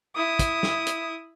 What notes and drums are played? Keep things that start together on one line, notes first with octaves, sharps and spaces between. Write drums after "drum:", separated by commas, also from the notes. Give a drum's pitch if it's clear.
E4 D#6
drum: kick, hi-hat
drum: snare
drum: hi-hat